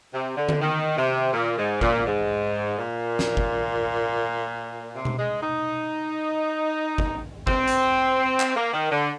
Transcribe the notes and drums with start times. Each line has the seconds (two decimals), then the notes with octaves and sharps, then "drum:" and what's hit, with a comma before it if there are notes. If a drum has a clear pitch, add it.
0.14 C3
0.37 D3
0.49 drum: tom D3
0.61 D#3
0.98 C3
1.33 A#2
1.58 G#2
1.81 A#2, drum: kick
2.06 G#2
2.78 A#2
3.19 drum: snare
3.37 drum: kick
4.95 C3
5.05 drum: tom B2
5.19 G#3
5.42 D#4
6.98 drum: kick
7.47 C4, drum: kick
7.67 drum: hi-hat
8.40 drum: clap
8.56 A#3
8.74 D#3
8.92 D3